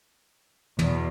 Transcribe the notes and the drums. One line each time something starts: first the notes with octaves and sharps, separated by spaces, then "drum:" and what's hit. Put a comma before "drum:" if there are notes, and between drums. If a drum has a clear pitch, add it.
E2 B2, drum: tom